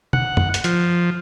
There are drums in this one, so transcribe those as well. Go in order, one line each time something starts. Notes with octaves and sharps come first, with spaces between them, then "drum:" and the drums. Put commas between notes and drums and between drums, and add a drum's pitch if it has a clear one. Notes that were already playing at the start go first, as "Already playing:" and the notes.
F#5, drum: tom
drum: tom F#2
drum: hi-hat
F3, drum: hi-hat